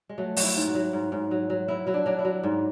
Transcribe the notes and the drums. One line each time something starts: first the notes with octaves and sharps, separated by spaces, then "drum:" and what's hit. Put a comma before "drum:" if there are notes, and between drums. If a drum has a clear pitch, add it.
G#3
F#3 A3
F#3, drum: open hi-hat
E4
G#2
F#4
F#3
G#2
G#2
F#3
F#3
F#3 E4
F#3 E4
D4
F#3 D4
E4
F#3
G#2